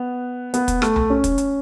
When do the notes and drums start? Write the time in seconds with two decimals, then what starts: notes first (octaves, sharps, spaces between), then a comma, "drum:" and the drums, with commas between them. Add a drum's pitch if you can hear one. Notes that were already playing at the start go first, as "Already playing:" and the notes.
Already playing: B3
0.54 B3, drum: hi-hat
0.68 drum: kick, hi-hat
0.82 A3, drum: rim click
0.96 drum: tom B1
1.10 C#4
1.24 drum: kick, hi-hat
1.38 drum: hi-hat